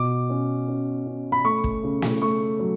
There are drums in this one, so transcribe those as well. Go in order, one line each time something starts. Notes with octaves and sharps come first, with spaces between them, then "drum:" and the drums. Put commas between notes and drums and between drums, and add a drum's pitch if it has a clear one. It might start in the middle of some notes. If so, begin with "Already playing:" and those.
Already playing: B2 D6
C#4
C#4
C#4
B5
A3 C#6
drum: kick
C#3
drum: snare
A3 C#6
F#3